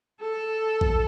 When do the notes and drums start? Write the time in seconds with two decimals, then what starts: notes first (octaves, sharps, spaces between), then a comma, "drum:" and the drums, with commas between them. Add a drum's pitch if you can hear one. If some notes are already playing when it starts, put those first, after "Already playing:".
0.21 A4
0.81 drum: kick A#1